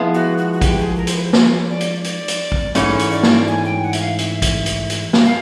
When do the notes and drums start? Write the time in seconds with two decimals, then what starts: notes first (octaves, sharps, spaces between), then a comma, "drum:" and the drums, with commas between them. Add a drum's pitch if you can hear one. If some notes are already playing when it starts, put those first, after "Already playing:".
Already playing: F3 G#3 B3 E4
0.14 F#4
0.38 F#4
0.53 F#4
0.61 G4, drum: kick, hi-hat
0.79 G#4
0.97 A#4
1.07 C5, drum: hi-hat
1.15 B4
1.25 C5
1.33 C#5, drum: snare A#3
1.63 C#5
1.69 D5
1.80 drum: hi-hat
2.04 D5, drum: hi-hat
2.28 drum: hi-hat
2.52 drum: kick
2.75 G#2 E3 A3 C#4 C#5, drum: hi-hat
2.99 drum: hi-hat
3.11 D5
3.23 drum: snare A#3
3.47 G#5
3.65 G5
3.82 F#5
3.93 E5, drum: hi-hat
4.00 F5
4.18 E5, drum: hi-hat
4.42 drum: kick, hi-hat
4.66 drum: hi-hat
4.90 drum: hi-hat
5.13 drum: snare A#3
5.25 F5